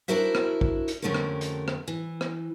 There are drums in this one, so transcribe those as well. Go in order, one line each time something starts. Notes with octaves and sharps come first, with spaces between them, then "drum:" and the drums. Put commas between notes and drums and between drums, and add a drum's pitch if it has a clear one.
D4 E4 F#4 A#4 C5 E5
drum: rim click
drum: kick
drum: hi-hat
F2 D3 A3 C#4 G4 A#4
drum: rim click
drum: hi-hat
drum: rim click
E3
drum: rim click